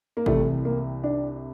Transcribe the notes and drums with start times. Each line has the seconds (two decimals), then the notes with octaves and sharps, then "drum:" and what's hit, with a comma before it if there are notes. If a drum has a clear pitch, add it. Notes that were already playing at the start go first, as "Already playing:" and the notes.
0.17 A#3
0.26 C2 C3 E3 A3, drum: kick G#1
0.65 A#3
1.04 D4